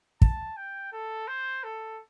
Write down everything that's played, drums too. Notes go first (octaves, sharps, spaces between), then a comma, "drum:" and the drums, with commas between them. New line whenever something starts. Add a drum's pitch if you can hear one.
A5, drum: kick
G5
A4
C5
A4